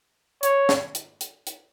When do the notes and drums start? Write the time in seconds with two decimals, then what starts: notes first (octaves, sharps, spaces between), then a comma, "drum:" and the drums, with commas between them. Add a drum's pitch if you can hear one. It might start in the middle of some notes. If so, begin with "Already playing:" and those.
0.43 C#5, drum: hi-hat
0.69 drum: snare
0.95 drum: hi-hat
1.21 drum: hi-hat
1.47 drum: hi-hat